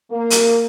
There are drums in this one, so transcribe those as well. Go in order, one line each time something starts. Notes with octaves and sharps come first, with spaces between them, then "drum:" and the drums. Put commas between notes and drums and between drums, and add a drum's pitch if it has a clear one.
A#3
drum: hi-hat